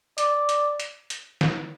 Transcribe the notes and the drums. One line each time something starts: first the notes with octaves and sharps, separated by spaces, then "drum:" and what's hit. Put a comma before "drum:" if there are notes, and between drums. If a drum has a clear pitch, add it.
D5, drum: hi-hat
drum: hi-hat
drum: hi-hat
drum: hi-hat
drum: snare